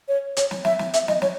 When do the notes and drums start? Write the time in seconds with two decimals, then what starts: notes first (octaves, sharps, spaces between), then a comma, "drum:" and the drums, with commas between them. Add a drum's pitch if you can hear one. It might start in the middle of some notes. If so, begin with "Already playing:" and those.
0.08 C#5
0.37 C#5, drum: hi-hat
0.51 drum: snare
0.65 E5, drum: snare
0.79 drum: snare
0.94 E5, drum: hi-hat
1.08 D#5, drum: snare
1.22 C#5, drum: snare